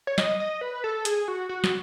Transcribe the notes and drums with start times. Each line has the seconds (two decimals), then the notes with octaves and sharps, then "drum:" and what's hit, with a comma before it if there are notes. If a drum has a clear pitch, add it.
0.07 C#5
0.18 D#5, drum: snare
0.40 D#5
0.61 B4
0.84 A4
1.05 G#4, drum: hi-hat
1.28 F#4
1.49 F#4
1.64 drum: snare